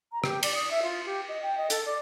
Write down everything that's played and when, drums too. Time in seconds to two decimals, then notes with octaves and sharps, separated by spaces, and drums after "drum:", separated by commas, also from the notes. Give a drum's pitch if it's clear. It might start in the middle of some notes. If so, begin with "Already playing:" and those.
0.12 A#5
0.24 G4, drum: rim click
0.43 D5, drum: cymbal
0.55 D#6
0.71 E5
0.83 F4
1.06 G4
1.29 D#5
1.42 G5
1.58 D#5
1.70 A4, drum: hi-hat
1.86 D5